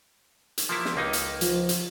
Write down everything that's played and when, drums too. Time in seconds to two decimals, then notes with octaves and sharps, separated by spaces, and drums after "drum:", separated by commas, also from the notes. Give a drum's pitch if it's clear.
0.58 drum: hi-hat
0.69 F3 A#3 E4
0.85 drum: snare
0.96 C#2 A#3 D#4
1.13 drum: hi-hat
1.41 F3, drum: hi-hat
1.69 drum: hi-hat